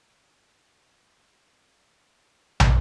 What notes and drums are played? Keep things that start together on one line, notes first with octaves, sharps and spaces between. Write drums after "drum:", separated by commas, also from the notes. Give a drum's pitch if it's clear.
D#3 F3 A3 C4
drum: tom